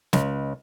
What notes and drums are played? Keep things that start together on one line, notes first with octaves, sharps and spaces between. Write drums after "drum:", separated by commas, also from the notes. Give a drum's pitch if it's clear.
C#2, drum: snare